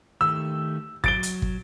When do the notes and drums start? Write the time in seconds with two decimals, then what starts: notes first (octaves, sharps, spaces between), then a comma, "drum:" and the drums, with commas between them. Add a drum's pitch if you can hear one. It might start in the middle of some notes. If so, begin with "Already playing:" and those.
0.21 D#3 A3 G4 E6
1.04 F#3 A6 D7 G7, drum: kick
1.23 drum: hi-hat
1.42 drum: kick